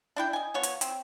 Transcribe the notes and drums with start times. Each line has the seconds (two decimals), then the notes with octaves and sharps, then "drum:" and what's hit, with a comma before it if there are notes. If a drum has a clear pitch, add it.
0.16 D4 E4 G5
0.33 D#5 G#5
0.54 F3 B3 C#5
0.63 drum: hi-hat
0.81 C4, drum: hi-hat